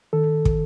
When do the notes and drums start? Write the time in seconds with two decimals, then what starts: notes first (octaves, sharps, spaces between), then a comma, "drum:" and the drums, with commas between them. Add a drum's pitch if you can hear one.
0.13 D#3 A4
0.45 drum: kick